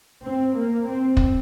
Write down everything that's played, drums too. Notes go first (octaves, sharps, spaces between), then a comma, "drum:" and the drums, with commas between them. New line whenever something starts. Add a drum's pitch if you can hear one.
C4
A#3
C4
drum: kick